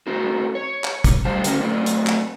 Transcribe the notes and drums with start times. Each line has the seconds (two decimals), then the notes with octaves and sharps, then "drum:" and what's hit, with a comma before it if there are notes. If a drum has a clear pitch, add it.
0.07 A3 C4 D#4 F#4
0.55 C#5
0.84 drum: clap
1.04 drum: kick, hi-hat
1.25 A2 G3 G4 C5 F5 A5
1.44 D3 A3 A#3 C4 C#4 F#4, drum: hi-hat
1.59 F#3 A3 C4 G4 B4 D5
1.86 drum: hi-hat
2.07 drum: clap